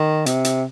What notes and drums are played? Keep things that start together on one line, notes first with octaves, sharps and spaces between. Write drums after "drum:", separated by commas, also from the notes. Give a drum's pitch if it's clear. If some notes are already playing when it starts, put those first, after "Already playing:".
Already playing: D#3
C3, drum: hi-hat
drum: hi-hat